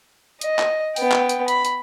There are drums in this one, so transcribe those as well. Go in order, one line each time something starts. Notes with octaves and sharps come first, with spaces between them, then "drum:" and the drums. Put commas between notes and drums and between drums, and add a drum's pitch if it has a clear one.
D#5, drum: hi-hat
drum: clap
B3 G5, drum: open hi-hat
drum: clap
drum: hi-hat
B5, drum: hi-hat
drum: hi-hat